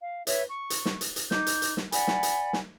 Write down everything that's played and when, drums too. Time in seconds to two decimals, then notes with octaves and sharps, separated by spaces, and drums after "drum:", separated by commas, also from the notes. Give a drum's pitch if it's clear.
0.01 F5
0.27 B4 C#5 E5, drum: hi-hat
0.48 C#6
0.70 drum: hi-hat
0.86 drum: snare
1.01 drum: hi-hat
1.16 drum: hi-hat
1.31 D#4 D6 G6, drum: snare
1.47 drum: hi-hat
1.62 drum: hi-hat
1.77 drum: snare
1.92 D5 F#5 G#5 B5, drum: hi-hat
2.08 drum: snare
2.23 drum: hi-hat
2.53 drum: snare